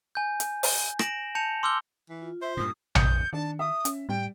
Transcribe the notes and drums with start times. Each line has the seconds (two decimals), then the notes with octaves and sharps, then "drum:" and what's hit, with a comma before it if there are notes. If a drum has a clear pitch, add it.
0.15 G#5 G6
0.40 drum: hi-hat
0.63 drum: open hi-hat
0.99 A#6 D7 E7 F#7, drum: rim click
1.35 A5 G6 C#7 F7
1.63 C6 D6 E6 F6 G6 G7
2.10 E3
2.22 F4
2.42 C5 E5
2.57 G2 A#2 D#6
2.95 D#6 G6 C#7, drum: tom A#1
3.33 D#3 D4 A5
3.59 E5 D#6
3.85 C#4, drum: hi-hat
4.09 A2 G3 G5